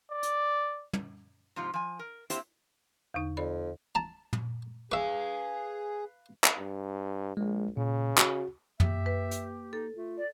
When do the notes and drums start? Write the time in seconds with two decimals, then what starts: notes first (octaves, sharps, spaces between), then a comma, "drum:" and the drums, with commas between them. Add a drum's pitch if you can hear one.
0.12 D5
0.23 drum: hi-hat
0.93 drum: tom
1.56 G#2 C3 F3 F4
1.74 F3 G#5
1.99 A#4
2.30 A#3 C4 E4 G4 C5, drum: hi-hat
3.14 E2 D3 D#4
3.37 F2 D5 B5
3.95 A5 A#5
4.33 drum: tom
4.92 G#4 B4 E5 F5 C#6
6.44 drum: clap
6.58 G2
7.37 A#1 G#3
7.77 A#2 C#3
8.18 F#4, drum: clap
8.80 A#3 G4 E5, drum: tom
9.06 B4
9.31 drum: hi-hat
9.73 D#4 A4
9.95 A3 F4
10.17 D5